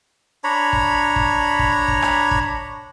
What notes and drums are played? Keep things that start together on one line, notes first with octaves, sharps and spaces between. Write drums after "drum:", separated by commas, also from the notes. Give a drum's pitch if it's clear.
D4 C#5 A#5 B5
drum: kick
drum: kick
drum: kick
drum: kick
drum: rim click
drum: kick